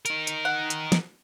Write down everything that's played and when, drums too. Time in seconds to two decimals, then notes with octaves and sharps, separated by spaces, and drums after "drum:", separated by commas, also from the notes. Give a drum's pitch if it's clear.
0.06 D#4 A#4, drum: hi-hat
0.27 drum: hi-hat
0.45 F#5
0.70 drum: hi-hat
0.92 drum: snare